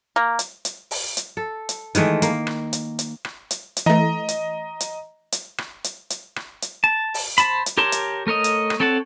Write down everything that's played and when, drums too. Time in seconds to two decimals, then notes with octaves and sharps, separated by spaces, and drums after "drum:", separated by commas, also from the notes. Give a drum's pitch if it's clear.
0.16 A#3
0.39 drum: hi-hat
0.65 drum: hi-hat
0.91 drum: open hi-hat
1.17 drum: hi-hat
1.37 A4
1.69 drum: hi-hat
1.95 D#3 E3 G#3 A3, drum: hi-hat
2.22 A#3, drum: hi-hat
2.47 drum: rim click
2.73 drum: hi-hat
2.99 drum: hi-hat
3.25 drum: rim click
3.51 drum: hi-hat
3.77 drum: hi-hat
3.86 E3 A3 D#5 A#5
4.29 drum: hi-hat
4.80 drum: hi-hat
5.32 drum: hi-hat
5.58 drum: rim click
5.84 drum: hi-hat
6.10 drum: hi-hat
6.36 drum: rim click
6.62 drum: hi-hat
6.84 A5
7.14 drum: open hi-hat
7.38 C5 A5 B5, drum: hi-hat
7.66 drum: hi-hat
7.78 G4 A#4 C#5 A5 C6
7.92 drum: hi-hat
8.27 A3 A#4 C#5 D#5
8.44 drum: hi-hat
8.70 drum: rim click
8.80 C4 A4 C#5 F#5 A5